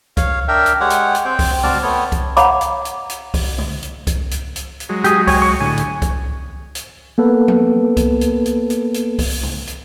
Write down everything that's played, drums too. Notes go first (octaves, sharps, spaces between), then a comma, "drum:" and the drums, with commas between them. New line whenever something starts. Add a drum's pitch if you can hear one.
C#5 F5, drum: kick C2, hi-hat
D4 A#4 E5 G5
drum: hi-hat
G#3 G4 C#5 F#5
drum: hi-hat
drum: hi-hat
C4 G5
drum: kick C2, open hi-hat
C4 F#4 D5 A5 D6 F6, drum: tom C#3
A3 B3 C#5
drum: kick C2, hi-hat
C#5 F5 F#5 A#5 B5 D6, drum: hi-hat
drum: hi-hat
drum: hi-hat
drum: hi-hat
drum: kick C2, open hi-hat
drum: tom C#3
drum: hi-hat
drum: kick C2, hi-hat
drum: hi-hat
drum: hi-hat
drum: hi-hat
F#3 G#3
G4 G#4, drum: hi-hat
C#5 G#5, drum: kick C2, open hi-hat
C#6
A2 D3 G#5
drum: hi-hat
drum: kick C2, hi-hat
drum: hi-hat
A#3 B3 A4 B4
drum: tom F3
drum: kick C2, hi-hat
drum: hi-hat
drum: hi-hat
drum: hi-hat
drum: hi-hat
drum: kick C2, open hi-hat
drum: tom C#3
drum: hi-hat